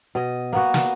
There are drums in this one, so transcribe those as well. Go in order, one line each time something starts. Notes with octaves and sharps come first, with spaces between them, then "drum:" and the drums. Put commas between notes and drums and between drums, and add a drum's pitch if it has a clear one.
B2 D#5
A#3 B3 F#4
drum: snare